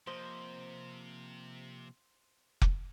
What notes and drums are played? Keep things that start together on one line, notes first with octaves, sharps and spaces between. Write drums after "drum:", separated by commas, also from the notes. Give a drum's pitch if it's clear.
C3 F3 A#3 C5 D#5
drum: kick F1